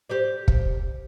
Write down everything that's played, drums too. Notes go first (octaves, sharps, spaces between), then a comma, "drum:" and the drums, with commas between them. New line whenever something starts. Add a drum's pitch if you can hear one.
G4 C5 D5
drum: kick